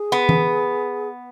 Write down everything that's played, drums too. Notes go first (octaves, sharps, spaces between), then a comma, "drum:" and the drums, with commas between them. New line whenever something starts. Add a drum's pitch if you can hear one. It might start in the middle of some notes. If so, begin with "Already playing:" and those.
Already playing: G#4
B3
drum: tom E3